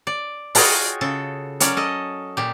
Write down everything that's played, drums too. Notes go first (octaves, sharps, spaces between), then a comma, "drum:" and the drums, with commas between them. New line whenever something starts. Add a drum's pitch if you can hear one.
D5
F4 F#4 G#4 C#5 D#5 G5, drum: open hi-hat
C#3 A4
F#3 C#4 A#4 D5, drum: hi-hat
A4 D#5
A#2 G4